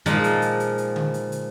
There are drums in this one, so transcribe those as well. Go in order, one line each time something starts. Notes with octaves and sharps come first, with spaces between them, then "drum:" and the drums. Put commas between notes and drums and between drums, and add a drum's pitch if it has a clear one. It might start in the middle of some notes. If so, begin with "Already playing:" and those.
A#2 F3 G#3 D#4, drum: hi-hat
drum: hi-hat
drum: hi-hat
drum: hi-hat
drum: hi-hat
drum: tom D3
drum: hi-hat
drum: hi-hat